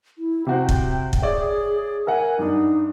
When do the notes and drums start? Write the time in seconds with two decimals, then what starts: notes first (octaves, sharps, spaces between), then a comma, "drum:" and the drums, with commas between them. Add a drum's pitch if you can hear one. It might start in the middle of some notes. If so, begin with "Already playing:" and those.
0.18 E4
0.47 C3 F#4 C5 G5
0.69 drum: kick
1.13 drum: kick
1.22 G#4 C#5 D5 E5
2.07 A#4 E5 F#5 G#5
2.39 G2 D4 D#4